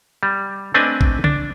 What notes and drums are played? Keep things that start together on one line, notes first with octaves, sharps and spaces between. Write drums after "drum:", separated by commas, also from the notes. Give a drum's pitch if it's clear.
G3
A3 C4 D4 B4 D#5 G#5
drum: kick A1
D4, drum: tom C#3